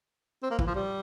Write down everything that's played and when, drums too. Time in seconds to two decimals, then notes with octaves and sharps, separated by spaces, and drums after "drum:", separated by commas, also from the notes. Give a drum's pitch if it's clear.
0.43 C4
0.51 A#3
0.59 E3, drum: kick
0.67 F3
0.75 G3